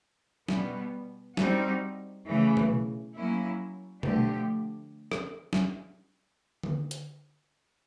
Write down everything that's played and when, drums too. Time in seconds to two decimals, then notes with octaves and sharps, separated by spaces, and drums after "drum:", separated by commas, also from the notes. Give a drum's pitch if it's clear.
0.48 B2 G3 B3, drum: snare
1.37 G3 C4 D#4 F#4, drum: snare
2.26 C#3 E3 A3
2.57 drum: tom B2
3.15 F#3 A#3 C#4 E4
4.03 D3 F3 A3 D4 G4, drum: tom B2
5.12 drum: rim click
5.53 drum: snare
6.63 drum: tom D3
6.91 drum: hi-hat